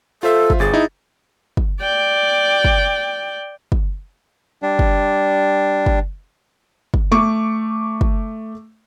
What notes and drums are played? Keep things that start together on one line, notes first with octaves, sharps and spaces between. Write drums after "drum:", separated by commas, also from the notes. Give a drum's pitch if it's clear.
F4 A4 C5 E5
drum: kick
G1 G#4 A6
D#4 E4
drum: kick
D5 G5
drum: kick
drum: kick
G3 D4
drum: kick
drum: kick
drum: kick
A3 C#6 D6
drum: kick